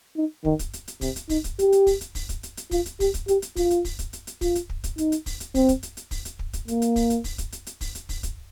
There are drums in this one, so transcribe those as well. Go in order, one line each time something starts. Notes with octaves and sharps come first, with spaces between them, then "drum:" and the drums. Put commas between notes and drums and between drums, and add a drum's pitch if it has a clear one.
D#4
D#3, drum: kick
drum: kick, hi-hat
drum: hi-hat
drum: hi-hat
C3, drum: kick, open hi-hat
drum: hi-hat
D#4, drum: kick, open hi-hat
drum: kick, hi-hat
G4, drum: hi-hat
drum: hi-hat
drum: kick, open hi-hat
drum: hi-hat
drum: kick, open hi-hat
drum: kick, hi-hat
drum: hi-hat
drum: hi-hat
F4, drum: kick, open hi-hat
drum: hi-hat
G4, drum: kick, open hi-hat
drum: kick, hi-hat
G4, drum: hi-hat
drum: hi-hat
F4, drum: kick, open hi-hat
drum: hi-hat
drum: kick, open hi-hat
drum: kick, hi-hat
drum: hi-hat
drum: hi-hat
F4, drum: kick, open hi-hat
drum: hi-hat
drum: kick
drum: kick, hi-hat
D#4, drum: hi-hat
drum: hi-hat
drum: kick, open hi-hat
drum: hi-hat
C4, drum: kick, open hi-hat
drum: kick, hi-hat
drum: hi-hat
drum: hi-hat
drum: kick, open hi-hat
drum: hi-hat
drum: kick
drum: kick, hi-hat
A#3, drum: hi-hat
drum: hi-hat
drum: kick, open hi-hat
drum: hi-hat
drum: kick, open hi-hat
drum: kick, hi-hat
drum: hi-hat
drum: hi-hat
drum: kick, open hi-hat
drum: hi-hat
drum: kick, open hi-hat
drum: kick, hi-hat